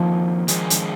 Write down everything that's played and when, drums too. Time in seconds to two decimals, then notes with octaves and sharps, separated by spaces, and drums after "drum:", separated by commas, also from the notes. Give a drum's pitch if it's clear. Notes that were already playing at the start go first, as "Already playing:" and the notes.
Already playing: F2 D#3 F3 A#3
0.48 D#3 G#3 D4 G#4 C5, drum: hi-hat
0.70 drum: hi-hat